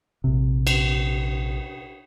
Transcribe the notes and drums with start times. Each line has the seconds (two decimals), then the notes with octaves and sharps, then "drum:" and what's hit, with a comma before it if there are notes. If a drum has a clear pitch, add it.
0.24 A#1 C3
0.67 drum: cymbal